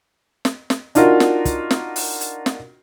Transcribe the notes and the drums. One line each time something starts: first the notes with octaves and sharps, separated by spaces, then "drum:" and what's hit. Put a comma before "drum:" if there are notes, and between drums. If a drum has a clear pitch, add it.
drum: snare
drum: snare
D4 D#4 F4 F#4 A#4, drum: hi-hat
drum: snare
drum: kick, hi-hat
drum: snare
drum: open hi-hat
drum: hi-hat
drum: snare